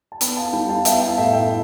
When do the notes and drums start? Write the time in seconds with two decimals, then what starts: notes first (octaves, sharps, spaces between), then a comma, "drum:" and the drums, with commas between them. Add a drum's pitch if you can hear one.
0.12 A5
0.21 B3 G5 B5, drum: hi-hat
0.37 F5 A5
0.52 G3 G5 B5
0.69 F5 A5
0.85 B3 E5 G5, drum: hi-hat
1.01 F5 A5
1.17 A2 E5 G5
1.33 E5 G5